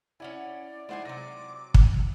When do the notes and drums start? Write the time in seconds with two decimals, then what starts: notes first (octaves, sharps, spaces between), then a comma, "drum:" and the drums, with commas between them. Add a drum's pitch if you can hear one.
0.20 C#4 E4 D5 F#5 G#5
0.89 F3 G#3 D#4 E4 C5 F#5 G#5
1.05 C3 F#3 D6 A#6 D#7
1.74 drum: kick